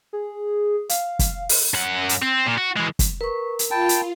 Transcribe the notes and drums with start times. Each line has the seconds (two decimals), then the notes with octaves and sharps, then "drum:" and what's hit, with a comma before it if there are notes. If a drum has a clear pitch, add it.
0.13 G#4
0.89 F5, drum: hi-hat
1.19 drum: kick, hi-hat
1.49 drum: open hi-hat
1.74 F#2 F#5
2.09 drum: hi-hat
2.22 C4
2.46 A#2
2.58 F#4
2.77 E3 G#3
2.99 drum: kick, hi-hat
3.21 A#4 B4 C#6
3.59 drum: hi-hat
3.71 F4 G5 A5 B5
3.89 drum: hi-hat